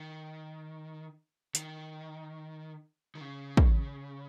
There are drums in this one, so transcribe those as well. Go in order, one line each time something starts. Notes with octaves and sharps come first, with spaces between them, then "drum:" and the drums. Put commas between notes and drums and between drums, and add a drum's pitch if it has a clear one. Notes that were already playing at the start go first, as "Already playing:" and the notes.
Already playing: D#3
D#3, drum: hi-hat
D#3
C#3
drum: kick